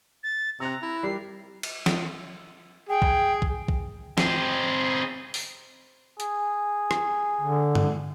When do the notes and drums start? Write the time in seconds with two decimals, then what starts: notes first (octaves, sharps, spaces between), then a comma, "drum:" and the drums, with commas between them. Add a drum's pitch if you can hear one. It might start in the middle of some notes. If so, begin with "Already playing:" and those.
0.23 A6
0.60 C3 A#5 E6 F#6
0.82 E4
1.03 G3 G4 A#4 C7
1.63 drum: cymbal
1.86 drum: snare
2.89 G#4 G5
3.02 drum: kick
3.42 drum: kick
3.68 drum: kick
4.18 C4 G#4, drum: snare
5.34 drum: open hi-hat
6.20 G#4, drum: hi-hat
6.91 drum: rim click
7.42 D3
7.75 drum: tom G2